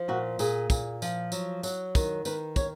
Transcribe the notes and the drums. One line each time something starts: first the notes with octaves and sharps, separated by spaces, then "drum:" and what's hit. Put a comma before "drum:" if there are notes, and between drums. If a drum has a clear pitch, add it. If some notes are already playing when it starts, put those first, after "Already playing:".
Already playing: F3
A#2 F#4
A#2 G#4, drum: tambourine
A#2, drum: kick, tambourine
F3, drum: tambourine
F#3, drum: tambourine
F#3, drum: tambourine
D#3, drum: kick, tambourine
D#3 B4, drum: tambourine
C#5, drum: kick, tambourine